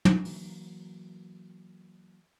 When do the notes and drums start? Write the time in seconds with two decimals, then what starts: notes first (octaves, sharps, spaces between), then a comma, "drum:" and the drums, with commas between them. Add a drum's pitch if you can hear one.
0.05 drum: tom
0.25 E3 F#3 A#3, drum: open hi-hat